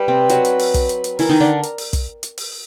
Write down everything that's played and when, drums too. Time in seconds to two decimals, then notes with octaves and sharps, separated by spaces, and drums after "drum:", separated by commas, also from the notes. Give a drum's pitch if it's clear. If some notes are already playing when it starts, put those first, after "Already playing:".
Already playing: G3 B4
0.08 C3 C4
0.29 F#3 F#4, drum: hi-hat
0.45 drum: hi-hat
0.59 drum: open hi-hat
0.74 drum: kick, hi-hat
0.89 drum: hi-hat
1.04 drum: hi-hat
1.19 E3 E4 A#4, drum: open hi-hat
1.29 D#3 D#4
1.40 D3 D4
1.63 drum: hi-hat
1.78 drum: open hi-hat
1.93 drum: kick, hi-hat
2.23 drum: hi-hat
2.38 drum: open hi-hat